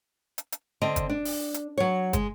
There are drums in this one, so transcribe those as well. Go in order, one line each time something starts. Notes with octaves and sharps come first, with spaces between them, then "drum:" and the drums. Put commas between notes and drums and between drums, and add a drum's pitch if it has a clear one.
drum: hi-hat
drum: hi-hat
D3 C4 D#5
drum: kick, hi-hat
D4
drum: open hi-hat
drum: hi-hat
F#3 C#5
G#3, drum: kick, hi-hat